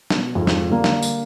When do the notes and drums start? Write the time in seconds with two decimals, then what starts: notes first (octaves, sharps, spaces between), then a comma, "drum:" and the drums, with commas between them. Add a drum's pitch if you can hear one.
0.10 B2, drum: snare
0.35 F2 G#2 G#3 F4
0.47 drum: snare
0.68 D3 G3 A#3
0.84 drum: snare
1.03 drum: tambourine